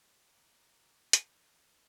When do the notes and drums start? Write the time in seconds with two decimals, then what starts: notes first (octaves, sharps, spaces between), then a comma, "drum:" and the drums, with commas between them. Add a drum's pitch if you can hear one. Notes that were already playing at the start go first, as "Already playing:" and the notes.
0.20 F#5 A#5 D6
1.13 A#3 B3 D#4, drum: hi-hat